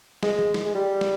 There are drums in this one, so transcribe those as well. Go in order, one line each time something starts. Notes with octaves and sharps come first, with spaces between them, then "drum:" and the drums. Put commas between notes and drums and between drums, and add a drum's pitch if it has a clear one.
G#3, drum: snare
drum: tom
drum: snare
G#3
G3
drum: snare